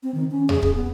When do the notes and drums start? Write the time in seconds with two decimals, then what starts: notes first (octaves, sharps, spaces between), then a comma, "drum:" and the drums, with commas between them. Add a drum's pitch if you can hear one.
0.03 C4
0.14 D#3
0.31 C#4
0.49 G#4, drum: tom E2
0.62 G#4, drum: kick C#1
0.75 B3